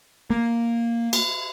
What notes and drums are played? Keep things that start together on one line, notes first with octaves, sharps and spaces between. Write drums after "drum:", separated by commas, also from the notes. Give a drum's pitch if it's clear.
A#3
drum: cymbal